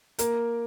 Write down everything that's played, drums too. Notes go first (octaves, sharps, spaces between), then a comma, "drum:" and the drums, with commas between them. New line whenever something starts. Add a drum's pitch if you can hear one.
A#3 A#4, drum: hi-hat